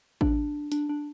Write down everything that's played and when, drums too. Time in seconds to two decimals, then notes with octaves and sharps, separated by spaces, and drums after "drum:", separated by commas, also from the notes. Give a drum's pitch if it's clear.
0.21 D4, drum: kick A1
0.72 D4, drum: hi-hat
0.89 D4